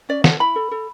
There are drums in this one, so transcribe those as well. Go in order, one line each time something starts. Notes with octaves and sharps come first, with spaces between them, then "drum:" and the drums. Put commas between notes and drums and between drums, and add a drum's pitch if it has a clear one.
C#4 D5
A4 F#5, drum: snare
E4 B5
A4
A4